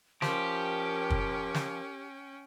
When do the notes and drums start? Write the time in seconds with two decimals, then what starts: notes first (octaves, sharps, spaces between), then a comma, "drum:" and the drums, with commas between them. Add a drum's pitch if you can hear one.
0.22 F3 C#4 G4 A#4 G5, drum: snare
1.10 drum: kick
1.54 drum: snare